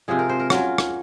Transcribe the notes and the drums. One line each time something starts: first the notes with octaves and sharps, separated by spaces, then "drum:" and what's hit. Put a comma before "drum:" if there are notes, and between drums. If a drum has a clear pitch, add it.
C3 F3 G#3 G#4
A#4
C5
A#4
F#3 C#4 F4 A#4, drum: rim click
drum: rim click